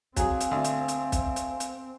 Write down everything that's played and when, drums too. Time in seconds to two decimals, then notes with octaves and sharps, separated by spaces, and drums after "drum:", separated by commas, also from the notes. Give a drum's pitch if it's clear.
0.16 F#3 C4 G#4 F5 G#5, drum: kick, hi-hat
0.40 drum: hi-hat
0.51 D2
0.64 drum: hi-hat
0.88 drum: hi-hat
1.12 drum: kick, hi-hat
1.36 drum: hi-hat
1.60 drum: hi-hat